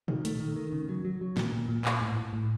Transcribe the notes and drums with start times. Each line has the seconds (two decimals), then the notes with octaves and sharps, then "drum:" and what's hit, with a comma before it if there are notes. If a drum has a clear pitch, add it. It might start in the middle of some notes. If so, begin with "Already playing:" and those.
0.08 D#3, drum: tom A#2
0.25 A3, drum: hi-hat
0.40 D#3
0.56 D#3
0.73 C#3
0.89 F#3
1.05 F#3
1.21 F#3
1.37 A#2, drum: snare
1.52 A#2
1.68 A#2
1.85 A#2, drum: clap
2.01 A2
2.17 A2
2.33 A2